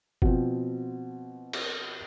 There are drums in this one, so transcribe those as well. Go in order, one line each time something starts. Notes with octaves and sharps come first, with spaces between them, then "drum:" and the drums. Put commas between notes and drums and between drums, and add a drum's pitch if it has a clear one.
B2 F3 C4, drum: kick F#1
drum: cymbal